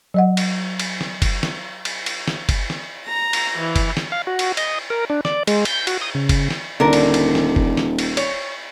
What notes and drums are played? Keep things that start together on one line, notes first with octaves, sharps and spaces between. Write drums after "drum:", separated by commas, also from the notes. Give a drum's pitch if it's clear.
F#3 D#5 F#5
drum: cymbal
drum: cymbal
drum: snare
drum: kick F#1, cymbal
drum: snare
drum: cymbal
drum: cymbal
drum: snare
drum: kick F#1, cymbal
drum: snare
A#5 A#6
drum: cymbal
E3
drum: kick F#1, cymbal
drum: snare
F5
F#4
drum: cymbal
D#5, drum: cymbal
A#4
D4
D5, drum: snare
G#3, drum: cymbal
G6, drum: cymbal
F#4, drum: cymbal
D#6
C#3
drum: kick F#1, cymbal
drum: snare
D#1 D3 A#4
drum: cymbal
drum: cymbal
drum: snare
drum: kick F#1
drum: snare
drum: cymbal
C#5, drum: cymbal